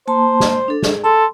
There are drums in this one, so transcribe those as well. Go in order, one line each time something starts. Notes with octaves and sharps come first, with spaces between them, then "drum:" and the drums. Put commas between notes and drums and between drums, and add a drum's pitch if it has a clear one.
A#3 C5 A5 C6
drum: snare
D4 A4
G#4, drum: snare
A4 C6